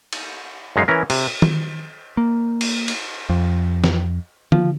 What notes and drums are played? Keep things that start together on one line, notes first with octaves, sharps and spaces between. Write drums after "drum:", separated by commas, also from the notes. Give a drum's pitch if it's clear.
drum: cymbal
F#2 G#3 D#4 F5
E3 C#4 A#4
C3, drum: cymbal
drum: tom D#3
A#3
drum: cymbal
drum: cymbal
F2
drum: snare
F3, drum: tom D3